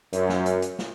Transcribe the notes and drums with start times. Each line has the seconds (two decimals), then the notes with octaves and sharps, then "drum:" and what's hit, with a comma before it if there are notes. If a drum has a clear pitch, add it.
0.13 F#2, drum: hi-hat
0.29 drum: snare
0.46 drum: hi-hat
0.62 drum: hi-hat
0.79 drum: snare